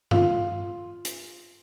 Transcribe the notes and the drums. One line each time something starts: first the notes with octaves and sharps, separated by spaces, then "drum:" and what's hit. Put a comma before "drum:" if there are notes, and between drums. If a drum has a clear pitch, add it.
F4, drum: tom G2
drum: hi-hat